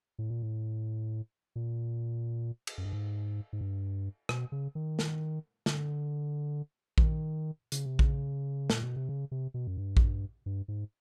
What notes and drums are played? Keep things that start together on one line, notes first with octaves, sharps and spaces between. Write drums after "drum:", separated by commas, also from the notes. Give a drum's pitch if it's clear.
A2
A#2
A2
A#2
drum: cymbal
F#2
G2
G#2
G#2
G2
B2, drum: rim click
C#3
D#3
drum: snare
D3, drum: snare
E3, drum: kick A#1
D#3
C#3, drum: hi-hat
C3
C#3, drum: kick A#1
A#2, drum: snare
B2
C3
C#3
C3
B2
F#2
G2
drum: kick A#1
G2
G#2